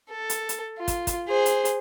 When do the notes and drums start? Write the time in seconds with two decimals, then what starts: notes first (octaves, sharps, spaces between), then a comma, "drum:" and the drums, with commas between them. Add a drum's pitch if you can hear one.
0.10 A4
0.30 drum: hi-hat
0.49 drum: hi-hat
0.78 F4
0.88 drum: kick, hi-hat
1.07 drum: kick, hi-hat
1.28 G#4 C5
1.46 drum: hi-hat
1.65 drum: hi-hat